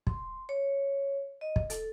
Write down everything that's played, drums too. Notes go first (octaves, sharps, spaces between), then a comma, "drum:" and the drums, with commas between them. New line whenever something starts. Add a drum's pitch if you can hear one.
C6, drum: kick
C#5
D#5
drum: kick
A4, drum: hi-hat